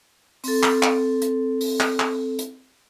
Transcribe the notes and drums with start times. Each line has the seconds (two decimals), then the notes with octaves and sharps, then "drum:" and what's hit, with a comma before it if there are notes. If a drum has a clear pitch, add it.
0.44 C4 A4, drum: open hi-hat
0.63 drum: clap
0.83 drum: clap
1.22 drum: hi-hat
1.61 drum: open hi-hat
1.80 drum: clap
2.00 drum: clap
2.39 drum: hi-hat